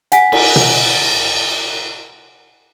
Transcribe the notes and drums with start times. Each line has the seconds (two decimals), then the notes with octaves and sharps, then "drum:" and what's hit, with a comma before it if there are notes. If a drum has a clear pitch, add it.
0.12 F#5 G#5 B6, drum: hi-hat
0.32 drum: cymbal
0.56 drum: tom B2